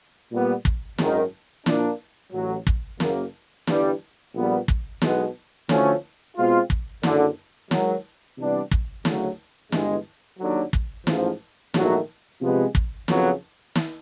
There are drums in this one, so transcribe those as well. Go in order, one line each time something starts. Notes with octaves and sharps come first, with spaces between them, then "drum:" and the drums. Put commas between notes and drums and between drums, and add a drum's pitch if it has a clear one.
A#2 G3 B3
drum: kick
G#1 F#2 D#3, drum: snare
A#2 F3 A#3 D4, drum: snare
A1 A2 F#3
drum: kick
F#1 F#2 C#3 F#3 A#3, drum: snare
G1 G2 E3 G3, drum: snare
A#1 A#2 G3 B3
drum: kick
B1 B2 G#3 B3, drum: snare
D2 D3 F3 A3 C#4, drum: snare
B2 G#3 C4 F4
drum: kick
F#1 F#2 D3, drum: snare
G#2 D#3 F#3, drum: snare
C3 E3 G3 B3 D4
drum: kick
D2 C#3 F#3, drum: snare
G1 G2 E3 G#3, drum: snare
D#2 D3 F#3
drum: kick
A1 G#2 F3, drum: snare
A#1 G#2 D#3 F#3 A3, drum: snare
C3 F3 G#3 B3
drum: kick
F2 C#3 F#3 B3, drum: snare
drum: snare